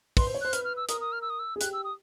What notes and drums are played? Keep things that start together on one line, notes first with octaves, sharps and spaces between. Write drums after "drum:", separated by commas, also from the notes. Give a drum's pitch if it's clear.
B4 C6, drum: kick, open hi-hat
C5
C#5
C5 F#6
B4 F6, drum: hi-hat
F6
E6
A#4 D#6, drum: hi-hat
D#6
F6
E6
D#6
E6
G#4
G4 F#6, drum: hi-hat
E6
D#6